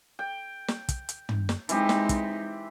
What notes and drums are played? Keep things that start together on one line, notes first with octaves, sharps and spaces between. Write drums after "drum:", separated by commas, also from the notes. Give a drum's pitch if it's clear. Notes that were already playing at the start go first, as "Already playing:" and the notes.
G5
drum: snare
drum: kick, hi-hat
drum: hi-hat
drum: tom
drum: snare
E3 G#3 C4 D#4 G4, drum: hi-hat
drum: snare
drum: kick, hi-hat